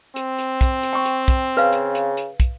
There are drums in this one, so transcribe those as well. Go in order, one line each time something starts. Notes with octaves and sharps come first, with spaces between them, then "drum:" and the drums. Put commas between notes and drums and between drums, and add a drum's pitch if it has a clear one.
C4, drum: hi-hat
drum: hi-hat
drum: kick, hi-hat
drum: hi-hat
G5 C#6
drum: hi-hat
drum: kick, hi-hat
C#3 B4 F5
drum: hi-hat
drum: hi-hat
drum: hi-hat
drum: kick, hi-hat